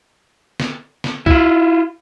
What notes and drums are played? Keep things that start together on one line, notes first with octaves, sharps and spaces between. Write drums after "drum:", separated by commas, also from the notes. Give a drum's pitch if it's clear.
drum: snare
drum: snare
E4 F4, drum: kick C2